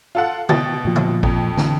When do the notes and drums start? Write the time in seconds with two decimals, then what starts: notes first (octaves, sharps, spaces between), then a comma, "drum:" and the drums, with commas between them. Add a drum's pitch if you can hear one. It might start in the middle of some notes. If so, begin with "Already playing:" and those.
0.15 F4 A4 F#5
0.49 B2 G5 A6, drum: tom C#3
0.85 A#2 F3
0.96 drum: tom C#3
1.23 F2, drum: kick G#1
1.57 D3 E3, drum: snare